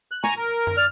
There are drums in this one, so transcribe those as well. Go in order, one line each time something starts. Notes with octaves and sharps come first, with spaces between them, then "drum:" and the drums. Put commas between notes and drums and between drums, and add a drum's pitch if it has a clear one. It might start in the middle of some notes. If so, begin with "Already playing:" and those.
F#6
G#5 A#5 C#6, drum: snare
A#4
drum: tom F#2
D5 F6